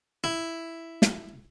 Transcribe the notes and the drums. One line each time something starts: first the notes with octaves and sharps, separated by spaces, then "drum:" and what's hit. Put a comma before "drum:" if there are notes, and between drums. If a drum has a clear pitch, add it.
E4
drum: snare